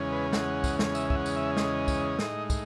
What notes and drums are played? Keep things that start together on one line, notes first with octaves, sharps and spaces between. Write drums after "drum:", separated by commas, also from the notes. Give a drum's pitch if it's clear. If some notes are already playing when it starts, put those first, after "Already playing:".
Already playing: E2 C#3 G#3 C#4
B4
F#5, drum: snare
drum: kick, tambourine
drum: snare
E5, drum: tambourine
E5, drum: kick
F#5
drum: tambourine
E5
D#5, drum: snare
drum: kick, tambourine
A2 G#3 D#4, drum: snare
drum: kick, tambourine